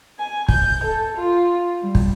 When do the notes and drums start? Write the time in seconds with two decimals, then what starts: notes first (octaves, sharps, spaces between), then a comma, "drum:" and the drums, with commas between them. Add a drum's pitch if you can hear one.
0.18 G#5
0.49 G6, drum: kick
0.83 A4
1.17 F4
1.83 G3
1.95 drum: kick